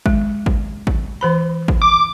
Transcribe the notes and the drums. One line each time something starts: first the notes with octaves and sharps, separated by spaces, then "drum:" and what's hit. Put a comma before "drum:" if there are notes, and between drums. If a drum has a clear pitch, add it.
G#3, drum: kick G#1
drum: kick G#1
drum: kick G#1
E3 C5 B5
drum: kick G#1
D6